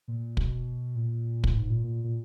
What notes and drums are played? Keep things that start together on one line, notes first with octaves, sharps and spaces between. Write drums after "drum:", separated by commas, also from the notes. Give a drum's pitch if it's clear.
A#2
B2, drum: kick
A#2
drum: kick
G#2
A#2
A#2
A#2